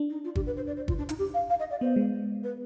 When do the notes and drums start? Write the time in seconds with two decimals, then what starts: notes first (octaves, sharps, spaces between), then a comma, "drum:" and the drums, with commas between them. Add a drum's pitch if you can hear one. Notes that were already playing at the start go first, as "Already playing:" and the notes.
Already playing: D4
0.10 D#4
0.24 F4
0.35 G4, drum: kick
0.46 B4
0.57 C5
0.67 D5
0.77 C5
0.88 F4, drum: kick
0.98 D4
1.09 D#4, drum: hi-hat
1.19 G4
1.34 F5
1.50 F5
1.60 D#5
1.70 D5
1.81 B3 C5
1.96 G#3
2.44 B4